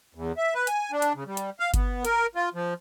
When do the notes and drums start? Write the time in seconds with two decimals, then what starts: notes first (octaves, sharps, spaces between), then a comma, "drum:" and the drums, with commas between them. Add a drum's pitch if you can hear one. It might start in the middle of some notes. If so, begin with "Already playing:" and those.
0.15 E2
0.37 E5
0.54 B4
0.67 G#5, drum: hi-hat
0.92 D4
1.02 drum: hi-hat
1.15 C#3
1.26 G3
1.37 drum: hi-hat
1.60 F5
1.74 B3, drum: kick G1, hi-hat
2.05 A#4, drum: hi-hat
2.35 F4
2.54 F3